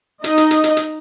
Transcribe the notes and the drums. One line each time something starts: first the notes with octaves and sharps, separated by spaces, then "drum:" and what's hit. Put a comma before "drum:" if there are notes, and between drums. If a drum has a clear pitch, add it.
D#4 D#5, drum: hi-hat
drum: hi-hat
drum: hi-hat
drum: hi-hat
drum: hi-hat